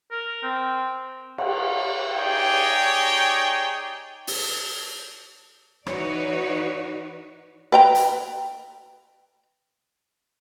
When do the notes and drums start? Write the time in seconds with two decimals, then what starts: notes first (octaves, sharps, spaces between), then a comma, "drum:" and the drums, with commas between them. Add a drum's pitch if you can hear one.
0.11 A#4
0.43 C4
1.38 drum: cymbal
2.16 D#4 G4 G#4 C#5 D5 G5
4.27 drum: open hi-hat
5.86 E3 D#4 F#4 B4 C#5 D5, drum: rim click
7.72 B4 G5 A#5
7.95 drum: hi-hat